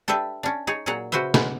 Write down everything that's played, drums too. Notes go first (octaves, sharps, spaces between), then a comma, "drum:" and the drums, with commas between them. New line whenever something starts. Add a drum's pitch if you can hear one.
D4 G4 A4 B4 E5
C#4 D4
D#4 G#4 C#5
A#2 F#3 G#4 F#5 A#5
C#3 F#4 B4 C5 E5
C#3 G#3 B3 D#4, drum: snare